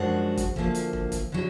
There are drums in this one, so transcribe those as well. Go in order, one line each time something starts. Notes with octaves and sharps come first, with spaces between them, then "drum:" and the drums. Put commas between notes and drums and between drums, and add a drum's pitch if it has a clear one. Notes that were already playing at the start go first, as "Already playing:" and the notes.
Already playing: F#2 F3 G#3 D4 F#4
drum: kick, hi-hat
D2 D3 F3 A#3, drum: kick
drum: hi-hat
drum: kick
drum: kick, hi-hat
D3 F#3